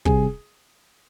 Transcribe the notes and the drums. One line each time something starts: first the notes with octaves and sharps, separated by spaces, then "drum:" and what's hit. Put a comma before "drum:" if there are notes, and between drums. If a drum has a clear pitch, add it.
C3 G3 C4 G#4, drum: kick